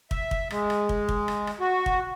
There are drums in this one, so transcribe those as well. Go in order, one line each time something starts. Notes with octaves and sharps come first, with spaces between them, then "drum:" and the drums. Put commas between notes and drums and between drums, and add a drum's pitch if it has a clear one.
E5, drum: kick
drum: kick
G#3, drum: rim click
drum: rim click
drum: kick
drum: kick
drum: rim click
drum: rim click
F#4
drum: kick